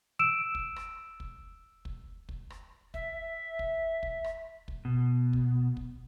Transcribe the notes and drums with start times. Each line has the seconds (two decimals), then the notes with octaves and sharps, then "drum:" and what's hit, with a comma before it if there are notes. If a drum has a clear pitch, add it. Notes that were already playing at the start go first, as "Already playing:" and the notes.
0.19 E6 D7 E7
0.55 drum: kick
0.76 drum: rim click
1.20 drum: kick
1.85 drum: kick
2.29 drum: kick
2.50 drum: rim click
2.94 E5, drum: kick
3.59 drum: kick
4.03 drum: kick
4.24 drum: rim click
4.68 drum: kick
4.85 B2
5.33 drum: kick
5.77 drum: kick